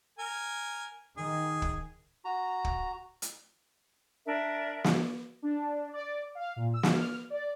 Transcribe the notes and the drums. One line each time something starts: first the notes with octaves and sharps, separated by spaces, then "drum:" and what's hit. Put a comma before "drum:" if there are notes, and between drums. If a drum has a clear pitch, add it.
A#4 G#5
D#3 G#4
drum: kick
F#4 A#5
drum: kick
drum: hi-hat
D4 A#4 E5
drum: snare
D4
D5
F5
A#2
E6
drum: snare
F6
D5